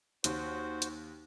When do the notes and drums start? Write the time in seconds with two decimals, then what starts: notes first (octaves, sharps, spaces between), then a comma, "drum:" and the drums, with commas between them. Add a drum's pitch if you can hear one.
0.24 D#2 F#4 C5, drum: hi-hat
0.82 drum: hi-hat